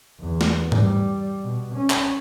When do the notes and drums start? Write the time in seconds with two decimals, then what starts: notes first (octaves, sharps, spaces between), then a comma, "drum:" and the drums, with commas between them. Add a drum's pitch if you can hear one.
0.20 E2
0.41 drum: snare
0.72 G3, drum: tom G#2
1.44 B2
1.75 C#4
1.90 drum: clap